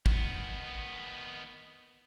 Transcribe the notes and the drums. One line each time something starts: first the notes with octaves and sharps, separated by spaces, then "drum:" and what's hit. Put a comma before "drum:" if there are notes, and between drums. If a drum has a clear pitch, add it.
D#3 B3, drum: kick